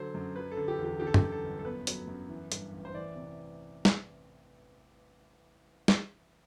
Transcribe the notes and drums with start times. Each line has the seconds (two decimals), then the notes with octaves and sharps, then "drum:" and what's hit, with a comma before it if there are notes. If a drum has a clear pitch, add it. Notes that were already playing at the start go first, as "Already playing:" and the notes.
Already playing: D3 F#3 C5
0.15 F#2
0.36 F#3 B4
0.51 A4
0.57 D3
0.68 G4
0.78 E2
0.84 G4
1.00 D3 G4
1.07 A4
1.14 G4, drum: tom F#2
1.22 F#2
1.32 A4
1.44 G1
1.59 A4
1.65 B3 B4
1.87 F#3, drum: hi-hat
2.08 F#2
2.29 E3
2.52 G2, drum: hi-hat
2.72 A1
2.85 C5
2.94 E3 D5
3.15 C3
3.85 drum: snare
5.88 drum: snare